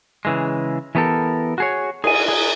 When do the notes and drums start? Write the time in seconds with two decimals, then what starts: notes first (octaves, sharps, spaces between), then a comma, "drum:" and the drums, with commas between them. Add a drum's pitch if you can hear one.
0.25 C#3 E3 G#3
0.95 E3 A3 B3 G4 A4 A#4
1.58 F#4 G#4 C#5
2.04 G#4 G#5, drum: cymbal
2.28 G#4